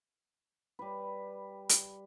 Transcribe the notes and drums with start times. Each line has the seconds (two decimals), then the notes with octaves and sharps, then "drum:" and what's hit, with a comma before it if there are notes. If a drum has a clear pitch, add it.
0.79 G3 B4
1.69 drum: hi-hat